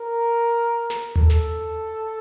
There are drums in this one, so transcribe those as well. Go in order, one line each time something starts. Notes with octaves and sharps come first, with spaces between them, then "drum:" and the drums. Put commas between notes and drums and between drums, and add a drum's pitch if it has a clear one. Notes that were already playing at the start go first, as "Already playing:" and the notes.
Already playing: A#4
drum: snare
A4, drum: tom D#2
drum: snare